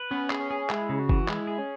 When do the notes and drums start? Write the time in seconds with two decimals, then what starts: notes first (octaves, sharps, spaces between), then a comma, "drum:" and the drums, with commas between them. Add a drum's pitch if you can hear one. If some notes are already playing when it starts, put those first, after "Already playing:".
Already playing: B4
0.11 B3 C#4
0.30 G#4, drum: clap
0.40 C#4
0.51 G#4
0.70 G#3 E4, drum: clap
0.89 C#3
0.99 F#4
1.09 E3, drum: kick F#1
1.28 G#3 E4, drum: clap
1.47 G#4
1.58 C#4